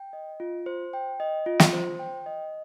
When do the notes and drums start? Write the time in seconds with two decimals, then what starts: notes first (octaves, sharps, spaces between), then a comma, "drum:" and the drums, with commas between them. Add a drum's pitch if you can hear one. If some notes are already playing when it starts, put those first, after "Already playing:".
Already playing: G5
0.13 D#5
0.40 F4
0.66 C5
0.93 G5
1.20 D#5
1.46 F4
1.60 drum: snare
1.73 C5
1.99 G5
2.26 D#5